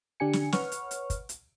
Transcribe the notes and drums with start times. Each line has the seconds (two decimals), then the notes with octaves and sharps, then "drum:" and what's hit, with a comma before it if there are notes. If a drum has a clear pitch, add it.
0.20 D3 D4 G4 G#5 C#7
0.33 drum: snare
0.52 B4 C#5 F#5 C#6 F6, drum: snare
0.72 drum: hi-hat
0.91 drum: hi-hat
1.10 drum: kick, hi-hat
1.29 drum: hi-hat